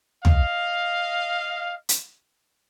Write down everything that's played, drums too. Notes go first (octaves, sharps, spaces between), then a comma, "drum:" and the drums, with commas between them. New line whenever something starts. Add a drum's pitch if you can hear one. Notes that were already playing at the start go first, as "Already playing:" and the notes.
D#5 F5, drum: tom
drum: hi-hat